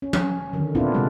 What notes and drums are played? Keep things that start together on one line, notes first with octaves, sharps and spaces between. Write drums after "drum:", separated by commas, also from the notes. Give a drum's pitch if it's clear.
C#4
drum: tom F3
D3 D#3
A#2 B3 C4 D4 E4 F4
C3 G3 G#3